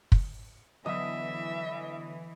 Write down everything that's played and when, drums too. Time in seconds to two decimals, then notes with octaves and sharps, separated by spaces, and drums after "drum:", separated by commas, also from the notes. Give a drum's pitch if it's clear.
0.12 drum: kick
0.86 D3 E3 F#3 B3 D#5 E5